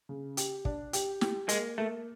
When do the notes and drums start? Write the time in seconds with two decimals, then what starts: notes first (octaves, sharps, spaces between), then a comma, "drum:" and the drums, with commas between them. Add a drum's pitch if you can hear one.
0.09 C#3
0.37 G4, drum: hi-hat
0.65 D4, drum: kick
0.93 G4, drum: hi-hat
1.21 G4, drum: snare
1.49 G#3 A#3, drum: hi-hat
1.78 A3 A#3